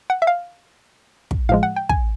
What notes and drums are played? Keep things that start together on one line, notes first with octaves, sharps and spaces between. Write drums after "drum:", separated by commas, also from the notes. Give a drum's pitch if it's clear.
F#5
E5
F5
drum: kick
A2 F3 G#3 F5
F#5
G5
G#5, drum: kick